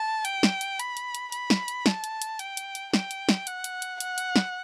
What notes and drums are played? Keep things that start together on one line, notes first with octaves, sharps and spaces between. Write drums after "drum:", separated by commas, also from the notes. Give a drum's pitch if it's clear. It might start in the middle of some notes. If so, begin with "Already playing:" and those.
Already playing: A5
G5, drum: hi-hat
drum: snare
drum: hi-hat
B5, drum: hi-hat
drum: hi-hat
drum: hi-hat
B5, drum: hi-hat
drum: snare
drum: hi-hat
A5, drum: snare
drum: hi-hat
drum: hi-hat
G5, drum: hi-hat
drum: hi-hat
drum: hi-hat
G5, drum: snare
drum: hi-hat
drum: snare
F#5, drum: hi-hat
drum: hi-hat
drum: hi-hat
F#5, drum: hi-hat
drum: hi-hat
drum: snare